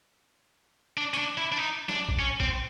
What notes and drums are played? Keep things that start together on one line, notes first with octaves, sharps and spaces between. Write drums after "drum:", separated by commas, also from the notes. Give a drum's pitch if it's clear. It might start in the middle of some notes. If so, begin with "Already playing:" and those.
D4
C#4, drum: hi-hat
D4
E4
D4
D#4
D4, drum: snare
drum: kick A#1
C#4
C4, drum: kick A#1